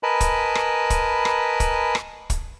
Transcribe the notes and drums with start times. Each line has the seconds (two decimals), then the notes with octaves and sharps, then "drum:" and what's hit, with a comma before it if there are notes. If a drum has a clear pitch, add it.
0.03 A#4 B4 D#5 G#5 A5 B5
0.21 drum: kick, hi-hat
0.55 drum: rim click
0.90 drum: kick, hi-hat
1.25 drum: rim click
1.60 drum: kick, hi-hat
1.95 drum: rim click
2.30 drum: kick, hi-hat